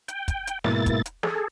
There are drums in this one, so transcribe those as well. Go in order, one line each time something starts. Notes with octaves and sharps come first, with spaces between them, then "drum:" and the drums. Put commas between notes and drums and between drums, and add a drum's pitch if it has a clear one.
G5, drum: hi-hat
drum: kick, hi-hat
drum: hi-hat
G#2 B2 A#3 E4 A6, drum: snare
drum: kick, hi-hat
drum: hi-hat
G#4 A4, drum: snare